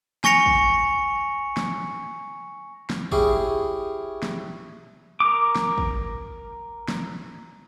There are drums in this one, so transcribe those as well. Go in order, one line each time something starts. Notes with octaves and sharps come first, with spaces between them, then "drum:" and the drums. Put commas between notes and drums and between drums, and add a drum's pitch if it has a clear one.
G#5 C#6 A#6 C#7 F7, drum: snare
drum: kick
drum: snare
drum: snare
C#4 E4 G4 G#4, drum: kick
drum: snare
A#4 D6
drum: snare
drum: kick
drum: snare